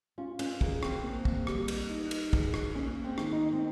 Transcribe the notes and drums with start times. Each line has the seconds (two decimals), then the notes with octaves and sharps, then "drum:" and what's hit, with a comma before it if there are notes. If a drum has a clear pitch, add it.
0.18 C#4 F4
0.39 C#4, drum: cymbal
0.61 A#3 G#4, drum: kick
0.83 C4, drum: rim click
1.03 A#3
1.25 drum: kick
1.47 G3, drum: rim click
1.68 drum: cymbal
1.89 D#4
2.11 drum: cymbal
2.33 G#4, drum: kick
2.54 drum: rim click
2.75 A#3 C#4
3.04 C4
3.18 D#3, drum: rim click
3.32 D#4
3.52 C4